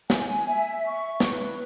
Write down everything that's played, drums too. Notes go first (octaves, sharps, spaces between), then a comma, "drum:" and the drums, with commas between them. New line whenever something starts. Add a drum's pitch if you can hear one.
G#5, drum: snare
E5
C#6
B4, drum: snare